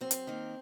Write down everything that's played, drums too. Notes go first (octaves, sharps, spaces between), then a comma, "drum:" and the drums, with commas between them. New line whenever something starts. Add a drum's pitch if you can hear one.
F#2 C4
drum: hi-hat
D#3 A#3